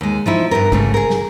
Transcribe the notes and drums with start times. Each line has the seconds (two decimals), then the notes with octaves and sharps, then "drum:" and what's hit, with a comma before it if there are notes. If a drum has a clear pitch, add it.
0.01 D#2 G#3
0.26 F3 D#4 E4
0.51 G2 A#2 G4 A#4
0.72 G#2 C#3 A3, drum: kick
0.94 G#4 A#4
1.10 drum: snare